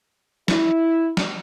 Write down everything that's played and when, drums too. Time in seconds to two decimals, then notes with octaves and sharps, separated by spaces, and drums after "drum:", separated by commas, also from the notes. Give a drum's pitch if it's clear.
0.48 E4, drum: snare
1.17 drum: snare